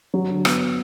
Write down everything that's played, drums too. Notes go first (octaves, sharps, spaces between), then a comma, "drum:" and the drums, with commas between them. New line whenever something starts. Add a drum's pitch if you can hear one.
F#3
D3
B3, drum: rim click